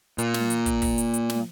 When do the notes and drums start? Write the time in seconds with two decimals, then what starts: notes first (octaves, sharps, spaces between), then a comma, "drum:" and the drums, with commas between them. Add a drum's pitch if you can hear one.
0.18 A#2, drum: hi-hat
0.34 drum: snare
0.50 drum: hi-hat
0.66 drum: kick, hi-hat
0.82 drum: kick, open hi-hat
0.98 drum: hi-hat
1.14 drum: hi-hat
1.30 drum: snare